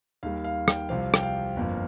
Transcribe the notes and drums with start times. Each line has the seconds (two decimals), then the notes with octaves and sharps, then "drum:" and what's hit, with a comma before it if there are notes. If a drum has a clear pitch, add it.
0.23 D#2 D#3 G3 F5
0.44 F5
0.68 G5, drum: rim click
0.89 C2 C3 F3 C4 F5
1.14 G5, drum: rim click
1.23 F5
1.56 G1 F2 F3 A#3